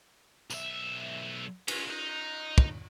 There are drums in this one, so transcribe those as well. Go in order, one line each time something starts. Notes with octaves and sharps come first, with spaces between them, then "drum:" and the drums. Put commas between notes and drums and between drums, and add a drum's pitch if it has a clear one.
B1 E5, drum: tambourine
C#4 F4, drum: cymbal
D#4
drum: kick